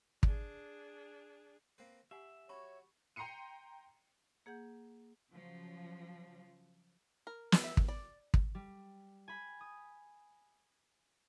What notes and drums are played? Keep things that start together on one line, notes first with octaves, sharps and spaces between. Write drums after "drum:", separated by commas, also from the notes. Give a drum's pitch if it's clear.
D4 G#4, drum: kick
A#3 C4 B4
G4 E5 F#5 G#5 B5
F#4 C#5 B5 C#6
G5 A#5 C6 C7 C#7 D#7
A#3 G#4 F#5 G6
C#3 F3 F#3
A#4
drum: snare
E5
drum: kick
D5
drum: kick
G3
G#5 B5
D#6